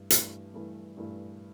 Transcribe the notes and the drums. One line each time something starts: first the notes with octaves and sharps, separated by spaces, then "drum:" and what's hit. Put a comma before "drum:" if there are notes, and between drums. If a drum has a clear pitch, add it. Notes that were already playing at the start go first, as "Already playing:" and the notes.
Already playing: G2 E3 A3
G2 E3 A3, drum: hi-hat
G2 E3 A3
G2 E3 A3